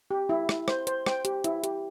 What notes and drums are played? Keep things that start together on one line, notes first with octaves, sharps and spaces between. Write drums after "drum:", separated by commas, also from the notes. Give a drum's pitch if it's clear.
G4
E4
E4, drum: rim click
C5, drum: rim click
C5, drum: hi-hat
C5 G5, drum: rim click
G4, drum: hi-hat
E4, drum: hi-hat
G4, drum: hi-hat